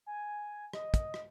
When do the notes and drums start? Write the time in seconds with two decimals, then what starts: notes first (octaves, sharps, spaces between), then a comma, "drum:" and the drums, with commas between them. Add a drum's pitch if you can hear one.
0.06 G#5
0.73 D#5, drum: rim click
0.94 drum: kick, hi-hat
1.14 drum: rim click